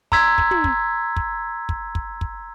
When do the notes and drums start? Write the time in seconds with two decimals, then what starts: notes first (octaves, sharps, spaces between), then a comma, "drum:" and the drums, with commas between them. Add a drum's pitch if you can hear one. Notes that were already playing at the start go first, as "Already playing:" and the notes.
0.12 A#5 C6 E6 G#6 B6, drum: kick
0.38 drum: kick
0.51 drum: tom
0.64 drum: kick
1.16 drum: kick
1.69 drum: kick
1.95 drum: kick
2.21 drum: kick